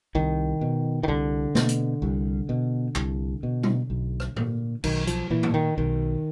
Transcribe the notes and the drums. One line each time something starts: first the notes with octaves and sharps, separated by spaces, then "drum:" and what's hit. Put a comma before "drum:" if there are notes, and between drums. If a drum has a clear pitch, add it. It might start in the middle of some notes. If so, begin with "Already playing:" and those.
C2 D#3
B2
D#3
C2 D3
B2, drum: snare
drum: hi-hat
C2
B2
C2, drum: clap
B2
drum: tom B2
B1
drum: rim click
A#2, drum: tom
B1 D#3, drum: cymbal
F3, drum: hi-hat
A#2 E3
drum: tom
D#3
B1 D#3